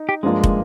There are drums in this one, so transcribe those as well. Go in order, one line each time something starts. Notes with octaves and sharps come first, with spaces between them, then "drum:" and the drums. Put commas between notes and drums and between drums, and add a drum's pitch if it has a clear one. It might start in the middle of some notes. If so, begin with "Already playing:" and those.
Already playing: D#4
G4
G2 F3 G#3 A#3 D4 F4
drum: kick